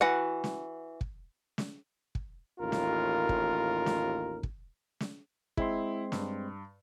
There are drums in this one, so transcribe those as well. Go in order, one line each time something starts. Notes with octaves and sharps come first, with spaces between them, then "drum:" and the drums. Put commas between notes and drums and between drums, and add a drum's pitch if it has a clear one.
E3 F#4 F#5
drum: snare
drum: kick
drum: snare
drum: kick
A1 D#2 F4 A#4
drum: snare
drum: kick
drum: snare
drum: kick
drum: snare
G#3 C4 E4 C6, drum: kick
G2, drum: snare